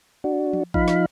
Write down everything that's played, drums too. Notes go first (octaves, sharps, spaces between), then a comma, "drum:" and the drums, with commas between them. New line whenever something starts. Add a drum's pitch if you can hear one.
D4 F#4
drum: tom F3
F3 D#4 F5 B5, drum: kick
drum: snare